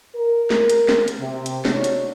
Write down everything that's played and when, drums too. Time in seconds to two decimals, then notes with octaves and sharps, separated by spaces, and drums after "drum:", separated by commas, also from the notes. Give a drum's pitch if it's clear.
0.15 A#4
0.50 drum: snare
0.70 drum: hi-hat
0.89 drum: snare
1.08 drum: hi-hat
1.19 C3
1.46 drum: hi-hat
1.65 D4 D#4 F#4 C#5, drum: snare
1.84 drum: hi-hat